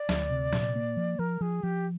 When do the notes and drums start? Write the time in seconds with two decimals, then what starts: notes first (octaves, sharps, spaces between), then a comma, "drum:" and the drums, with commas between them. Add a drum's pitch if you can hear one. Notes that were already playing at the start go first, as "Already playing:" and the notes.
Already playing: D5
0.09 D2, drum: snare
0.30 C3
0.53 A#2, drum: snare
0.76 A#3
0.97 F3
1.19 F3 A#4
1.41 F3 G#4
1.63 F3 G4